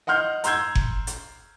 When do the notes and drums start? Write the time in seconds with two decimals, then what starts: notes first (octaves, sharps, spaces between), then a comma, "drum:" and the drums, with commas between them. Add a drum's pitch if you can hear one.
0.07 D#5 F#5 C6 F6 G6
0.44 A#5 C6 E6 G6 G#6, drum: hi-hat
0.75 drum: kick F#1
1.07 drum: hi-hat